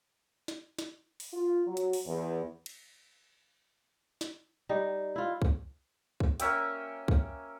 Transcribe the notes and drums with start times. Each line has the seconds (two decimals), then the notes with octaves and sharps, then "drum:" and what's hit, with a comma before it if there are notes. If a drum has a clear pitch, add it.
0.48 drum: snare
0.79 drum: snare
1.20 drum: open hi-hat
1.33 F4
1.67 F#3
1.77 drum: hi-hat
1.93 drum: open hi-hat
2.06 E2
2.66 drum: cymbal
4.21 drum: snare
4.69 G3 D#4
5.16 E4 F4
5.42 drum: kick
6.20 drum: kick
6.40 A#3 C#4 E5 G5, drum: hi-hat
7.08 drum: kick